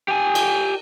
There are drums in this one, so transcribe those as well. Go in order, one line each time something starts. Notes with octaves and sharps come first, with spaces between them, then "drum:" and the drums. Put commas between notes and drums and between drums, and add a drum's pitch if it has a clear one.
G4 G#5
drum: cymbal